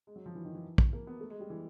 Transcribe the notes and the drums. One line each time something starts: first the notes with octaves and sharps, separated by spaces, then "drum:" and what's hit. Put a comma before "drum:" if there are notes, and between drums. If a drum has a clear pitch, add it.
G#3
F#3
F3
E3
D#3
E3
drum: kick
A#3
B3
A3
G#3
G3
E3